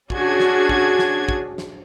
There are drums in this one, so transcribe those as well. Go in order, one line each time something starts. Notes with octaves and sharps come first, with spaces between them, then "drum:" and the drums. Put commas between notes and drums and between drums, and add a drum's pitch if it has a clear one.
C#4 D4 F#4 G#4 G#6, drum: kick
drum: snare
drum: kick
drum: snare
drum: kick
drum: snare